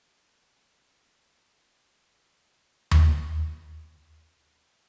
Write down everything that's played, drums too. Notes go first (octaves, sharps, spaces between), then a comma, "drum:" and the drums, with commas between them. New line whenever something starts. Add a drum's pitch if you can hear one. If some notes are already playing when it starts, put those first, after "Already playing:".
Already playing: E4 G4 A4 C5
D5
drum: tom D#2
A4
D4
E4
D4
C4
D4